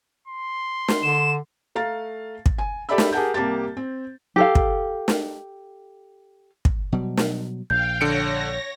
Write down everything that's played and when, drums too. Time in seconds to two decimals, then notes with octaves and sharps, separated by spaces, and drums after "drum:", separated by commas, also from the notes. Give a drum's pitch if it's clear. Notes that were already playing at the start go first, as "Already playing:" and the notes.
0.27 C6
0.88 drum: snare
1.03 D3 E7
1.75 A3 F5 A#5 A6
2.46 drum: kick
2.58 G#5
2.89 G4 A4 D5 E5 B5 E6
2.98 drum: snare
3.12 G4 G#4 A#4 F#5 A5 G6
3.34 C2 A#3 G4 A5 A6
3.77 C4
4.36 G4 A4 F5
4.55 drum: kick
5.08 drum: snare
6.65 drum: kick
6.92 B2 F#3 G3
7.17 drum: snare
7.70 A#1 F5 G5 G6
8.01 D3 C#5 A#6 C#7 D7